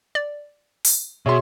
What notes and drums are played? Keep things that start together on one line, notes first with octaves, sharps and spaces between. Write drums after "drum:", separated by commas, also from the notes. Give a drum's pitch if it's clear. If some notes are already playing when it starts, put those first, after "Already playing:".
D5
drum: open hi-hat
B2 F#4 G#4 C#5 E5 C6